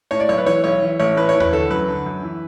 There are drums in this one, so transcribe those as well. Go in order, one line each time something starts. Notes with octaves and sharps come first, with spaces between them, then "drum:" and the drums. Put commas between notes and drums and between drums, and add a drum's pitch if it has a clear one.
A2 C#5
D5
B1 C#5
B4
E3 C#5
B1 C#5
E3
A1 C#5
A2 B4
C#5
E3
B4, drum: tom D#2
D3 A4
F#2 B4
D3
F#2
E3